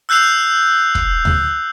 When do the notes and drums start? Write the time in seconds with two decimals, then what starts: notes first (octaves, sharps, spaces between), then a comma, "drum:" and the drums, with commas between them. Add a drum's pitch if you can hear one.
0.09 E6 F#6 G6 C7 F7
0.95 drum: kick
1.25 drum: tom D2